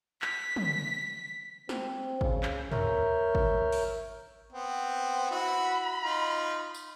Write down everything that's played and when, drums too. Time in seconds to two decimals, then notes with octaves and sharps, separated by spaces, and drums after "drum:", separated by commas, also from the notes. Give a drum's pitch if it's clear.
0.22 B6, drum: clap
0.56 drum: tom
1.69 C4, drum: snare
2.21 C#3, drum: kick G#1
2.43 drum: clap
2.72 A#4 C#5 E5 F6 G6, drum: tom
3.35 drum: kick G#1
3.72 drum: open hi-hat
4.53 B3 C4
5.31 E4 F#4 F#5 B5
6.03 D#4 F4
6.74 drum: tambourine